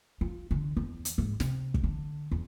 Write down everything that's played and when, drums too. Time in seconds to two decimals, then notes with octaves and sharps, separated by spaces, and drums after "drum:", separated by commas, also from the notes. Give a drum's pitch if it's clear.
0.21 F4
0.51 D3
0.77 E2
1.05 drum: hi-hat
1.18 G#2
1.40 C3, drum: snare
1.74 drum: kick
1.84 D3
2.32 E2